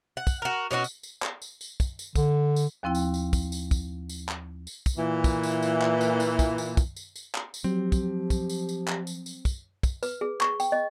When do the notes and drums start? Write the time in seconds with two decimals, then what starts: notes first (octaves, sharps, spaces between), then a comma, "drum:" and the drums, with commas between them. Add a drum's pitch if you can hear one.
0.17 F#5
0.27 drum: kick, tambourine
0.42 F#4 A#4
0.71 B2 C#4 D4 F#4
0.84 drum: tambourine
1.03 drum: tambourine
1.22 drum: clap
1.42 drum: tambourine
1.61 drum: tambourine
1.80 drum: kick, tambourine
1.99 drum: tambourine
2.16 D3, drum: kick, tambourine
2.56 drum: tambourine
2.83 D#2 F3 C4 E4 G5
2.95 drum: tambourine
3.14 drum: tambourine
3.33 drum: kick, tambourine
3.52 drum: tambourine
3.71 drum: kick, tambourine
4.09 drum: tambourine
4.29 drum: clap
4.67 drum: tambourine
4.86 drum: kick, tambourine
4.97 A#2 E3
5.24 drum: kick, tambourine
5.43 drum: tambourine
5.63 drum: tambourine
5.82 drum: clap
6.01 drum: tambourine
6.20 drum: tambourine
6.39 drum: kick, tambourine
6.58 drum: tambourine
6.77 drum: kick, tambourine
6.96 drum: tambourine
7.16 drum: tambourine
7.35 drum: clap
7.54 drum: tambourine
7.64 F3 F#3 C4 G4
7.92 drum: kick, tambourine
8.30 drum: kick, tambourine
8.50 drum: tambourine
8.69 drum: tambourine
8.88 drum: clap
9.07 drum: tambourine
9.26 drum: tambourine
9.45 drum: kick, tambourine
9.83 drum: kick, tambourine
10.03 B4, drum: tambourine
10.21 G#4
10.41 C#6, drum: clap
10.60 G5, drum: tambourine
10.72 D#5